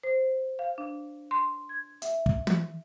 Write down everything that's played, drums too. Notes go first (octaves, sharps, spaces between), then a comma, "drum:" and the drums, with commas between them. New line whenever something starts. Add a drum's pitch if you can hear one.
C5
F5
D4
C6
G#6
E5, drum: hi-hat
drum: kick
drum: tom